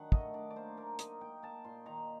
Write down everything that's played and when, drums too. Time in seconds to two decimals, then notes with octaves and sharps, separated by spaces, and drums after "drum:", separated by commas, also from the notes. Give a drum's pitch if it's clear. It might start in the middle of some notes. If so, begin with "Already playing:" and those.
Already playing: D#3 F#3 D4 F#5
0.12 A3 D#5, drum: kick
0.34 D4 D5
0.50 D5
0.56 A#3 C5
0.77 A#3 A#4
0.99 D#4 D#5, drum: hi-hat
1.21 A#3 G5
1.43 A#3 A5
1.64 A#2 C6
1.86 D#3 A#5